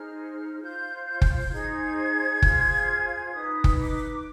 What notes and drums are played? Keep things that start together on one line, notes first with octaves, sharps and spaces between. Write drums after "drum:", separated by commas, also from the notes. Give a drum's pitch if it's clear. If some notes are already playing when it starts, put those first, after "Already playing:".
Already playing: D#4 G#4 C5 F6
F4 C5 G6
G6
drum: kick F#1
D#4 G#4 C5 G#6
F4 G#4 C5, drum: kick F#1
D#4 B4 D#6
drum: kick F#1
D6